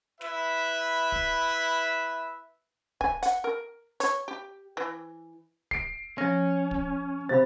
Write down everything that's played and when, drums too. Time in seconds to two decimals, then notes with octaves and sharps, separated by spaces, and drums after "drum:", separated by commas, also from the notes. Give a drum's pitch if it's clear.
0.21 E4 B4 E5, drum: snare
1.12 drum: kick
3.01 G#5, drum: kick
3.23 F#5, drum: hi-hat
3.44 A#4
4.00 C#5, drum: hi-hat
4.28 G4
4.77 E3
5.71 C7 D7, drum: kick
6.18 F3 C#4 A#6
6.71 drum: kick
7.29 C3 C5 F5 B5 A6